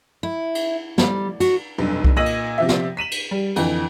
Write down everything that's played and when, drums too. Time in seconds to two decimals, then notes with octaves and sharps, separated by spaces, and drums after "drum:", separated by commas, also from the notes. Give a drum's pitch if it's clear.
0.23 E4
0.55 drum: cymbal
0.98 G3, drum: snare
1.40 F#4, drum: cymbal
1.78 F1 B1 G2
2.04 drum: kick C2
2.16 A#2 D#5 E6 A#6 D#7 F#7
2.26 drum: cymbal
2.58 C3 F3 E5
2.69 drum: snare
2.97 B6 D#7 E7 F#7
3.11 drum: cymbal
3.31 G3
3.56 F2 D3 E3, drum: cymbal